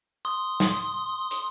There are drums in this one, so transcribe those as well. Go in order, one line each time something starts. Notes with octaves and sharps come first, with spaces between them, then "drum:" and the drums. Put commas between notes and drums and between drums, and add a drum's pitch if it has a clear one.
C6 D#6
drum: snare
drum: hi-hat